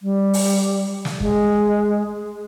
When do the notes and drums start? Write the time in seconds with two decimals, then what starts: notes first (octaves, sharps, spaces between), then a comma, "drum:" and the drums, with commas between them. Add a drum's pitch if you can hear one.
0.02 G3
0.34 drum: open hi-hat
1.05 drum: snare
1.20 G#3, drum: kick